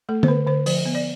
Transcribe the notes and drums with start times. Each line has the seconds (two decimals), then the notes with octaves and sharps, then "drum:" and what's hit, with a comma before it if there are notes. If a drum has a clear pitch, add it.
0.09 A3 A4
0.23 C5, drum: tom
0.28 D3 B4
0.47 D3 C5
0.66 F3 C5, drum: open hi-hat
0.86 B3
0.95 D5